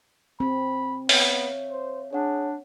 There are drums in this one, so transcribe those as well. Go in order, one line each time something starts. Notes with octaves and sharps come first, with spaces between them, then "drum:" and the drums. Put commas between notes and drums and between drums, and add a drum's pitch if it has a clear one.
C4 B5
B3 C#5 E5 F5, drum: open hi-hat
C5
D4 G#4 C#5 F#5